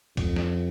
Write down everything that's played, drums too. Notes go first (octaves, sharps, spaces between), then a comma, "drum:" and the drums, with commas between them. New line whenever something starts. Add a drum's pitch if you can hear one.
F2, drum: kick, cymbal
drum: snare